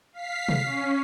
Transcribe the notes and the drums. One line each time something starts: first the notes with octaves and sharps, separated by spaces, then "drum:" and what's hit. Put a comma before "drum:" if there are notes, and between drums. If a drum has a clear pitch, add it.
F5 B6 C7
drum: tom
C#4